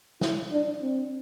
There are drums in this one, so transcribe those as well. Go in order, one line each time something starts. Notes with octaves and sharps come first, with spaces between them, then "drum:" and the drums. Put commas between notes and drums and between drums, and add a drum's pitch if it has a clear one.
E4, drum: snare
D4
C4